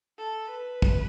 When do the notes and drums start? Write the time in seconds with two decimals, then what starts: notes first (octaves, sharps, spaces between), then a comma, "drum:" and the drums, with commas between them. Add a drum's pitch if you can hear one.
0.18 A4
0.50 B4
0.82 drum: kick